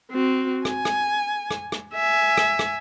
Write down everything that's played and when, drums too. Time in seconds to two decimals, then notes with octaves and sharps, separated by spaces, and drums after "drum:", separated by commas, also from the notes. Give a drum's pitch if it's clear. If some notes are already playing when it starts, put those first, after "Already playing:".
0.12 C4 F#4
0.65 G#5, drum: rim click
0.85 drum: rim click
1.51 drum: rim click
1.72 drum: rim click
1.94 E5 G#5
2.37 drum: rim click
2.59 drum: rim click